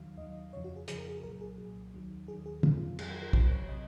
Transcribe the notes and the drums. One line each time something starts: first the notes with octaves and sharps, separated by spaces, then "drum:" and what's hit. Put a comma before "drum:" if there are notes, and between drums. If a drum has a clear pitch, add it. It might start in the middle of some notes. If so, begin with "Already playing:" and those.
Already playing: D#2 D#3 F#3 F5
D#2 D#3 F#3 D#5
F2 C#3 F3 C#5
F#4
G#4
F2 C#3 F3 G#4, drum: hi-hat
A#4
G#4
C2 A#2 F#3 A#4
G#4
C2 A#2 F#3
D#2 D#3 F#3
D#2 D#3 F#3 G#4
G#4
F2 D#3 F#3 F4, drum: tom
F2 D#3 F#3 G#4, drum: cymbal
A#4
A#4
C#2 C3 F#3 C5, drum: kick
C#5
C3 F#3 D#5